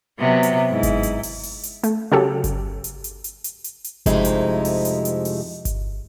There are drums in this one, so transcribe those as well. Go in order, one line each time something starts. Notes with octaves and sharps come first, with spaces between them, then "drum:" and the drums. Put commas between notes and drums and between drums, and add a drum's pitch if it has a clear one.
C3 F#3 B3
drum: hi-hat
G#2 E4
drum: kick G1, hi-hat
drum: hi-hat
drum: open hi-hat
drum: open hi-hat
drum: hi-hat
A3, drum: hi-hat
C#3 F#3 G4 A4
drum: kick G1, hi-hat
drum: hi-hat
drum: hi-hat
drum: hi-hat
drum: hi-hat
drum: hi-hat
drum: hi-hat
F2 C3 G#3 A3 D#4 E4, drum: kick G1, hi-hat
drum: hi-hat
drum: open hi-hat
drum: hi-hat
drum: hi-hat
drum: open hi-hat
drum: kick G1, hi-hat